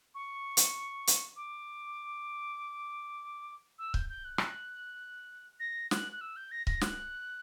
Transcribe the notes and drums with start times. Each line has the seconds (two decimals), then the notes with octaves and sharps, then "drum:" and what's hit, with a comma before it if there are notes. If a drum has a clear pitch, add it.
0.15 C#6
0.57 drum: hi-hat
1.07 drum: hi-hat
1.36 D6
3.79 E6
3.94 G6, drum: kick C#1
4.10 G6
4.25 F#6
4.38 drum: rim click
5.60 A#6
5.91 F#6, drum: snare
6.12 F#6
6.21 E6
6.36 G6
6.51 A#6
6.67 A#6, drum: kick C#1
6.81 F#6, drum: snare